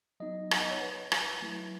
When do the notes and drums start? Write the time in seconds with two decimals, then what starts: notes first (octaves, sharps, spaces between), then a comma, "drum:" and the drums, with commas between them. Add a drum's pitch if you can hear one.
0.20 F#3 B3 D#4 D#5
0.51 F#5, drum: rim click
0.60 D#5
0.71 C#5
0.81 B4
1.12 drum: rim click
1.42 F#3 A3 E4